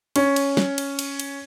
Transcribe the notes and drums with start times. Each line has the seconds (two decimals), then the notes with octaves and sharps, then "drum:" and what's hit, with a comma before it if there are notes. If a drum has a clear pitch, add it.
0.16 C#4, drum: cymbal
0.36 drum: cymbal
0.57 drum: snare
0.78 drum: cymbal
0.99 drum: cymbal
1.20 drum: cymbal